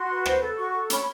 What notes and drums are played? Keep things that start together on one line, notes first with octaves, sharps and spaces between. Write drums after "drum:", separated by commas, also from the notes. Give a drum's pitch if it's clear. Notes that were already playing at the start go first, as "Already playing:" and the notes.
Already playing: F#4 C6
B4
C5, drum: rim click
A4
F#4 C#6
A4
C#4 B5, drum: hi-hat